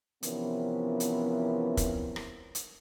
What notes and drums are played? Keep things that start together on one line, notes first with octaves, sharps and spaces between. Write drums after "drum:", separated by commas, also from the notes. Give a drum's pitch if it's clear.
C3 E3 F3 B3 C#4 A#4, drum: hi-hat
drum: hi-hat
drum: kick, hi-hat
drum: rim click
drum: hi-hat